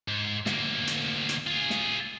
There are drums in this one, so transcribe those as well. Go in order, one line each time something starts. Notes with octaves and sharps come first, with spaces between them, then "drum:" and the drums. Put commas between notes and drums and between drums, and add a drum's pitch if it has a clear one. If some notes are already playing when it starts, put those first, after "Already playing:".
G#2
D2 A#3, drum: snare
drum: hi-hat
drum: hi-hat
F4 G#4
drum: snare